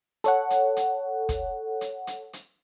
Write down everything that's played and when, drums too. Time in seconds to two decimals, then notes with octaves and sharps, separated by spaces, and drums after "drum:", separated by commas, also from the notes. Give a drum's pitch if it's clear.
0.24 A4 C#5 F#5, drum: hi-hat
0.50 drum: hi-hat
0.77 drum: hi-hat
1.29 drum: kick, hi-hat
1.81 drum: hi-hat
2.07 drum: hi-hat
2.33 drum: hi-hat